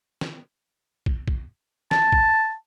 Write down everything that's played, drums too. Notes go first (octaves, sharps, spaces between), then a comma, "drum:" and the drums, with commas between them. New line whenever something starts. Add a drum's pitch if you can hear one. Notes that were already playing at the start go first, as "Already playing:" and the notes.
drum: snare
drum: kick
drum: kick
A5, drum: snare
drum: kick